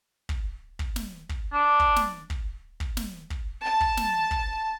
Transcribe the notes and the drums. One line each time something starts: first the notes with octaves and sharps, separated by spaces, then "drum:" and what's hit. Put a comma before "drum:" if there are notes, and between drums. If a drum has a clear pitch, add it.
drum: kick
drum: kick
drum: snare
drum: kick
D4
drum: kick
drum: snare
drum: kick
drum: kick
drum: snare
drum: kick
A5
drum: kick
drum: snare
drum: kick